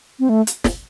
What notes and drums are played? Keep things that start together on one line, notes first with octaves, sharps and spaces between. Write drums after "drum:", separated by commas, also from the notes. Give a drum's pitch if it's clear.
C4
A3
drum: hi-hat
drum: snare